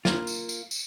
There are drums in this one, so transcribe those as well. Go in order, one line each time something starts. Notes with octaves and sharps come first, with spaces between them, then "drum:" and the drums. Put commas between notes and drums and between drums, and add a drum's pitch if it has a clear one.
A#3 F4, drum: snare
drum: tambourine
drum: tambourine
drum: tambourine